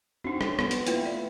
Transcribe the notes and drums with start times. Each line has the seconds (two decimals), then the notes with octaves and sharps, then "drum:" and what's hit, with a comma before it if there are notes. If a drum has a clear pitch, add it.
0.24 C4 D4 D#4 F#4
0.41 C#4, drum: rim click
0.59 B3, drum: rim click
0.71 drum: hi-hat
0.87 A3 A#3 E4 F4 B4 G5, drum: hi-hat
1.06 D5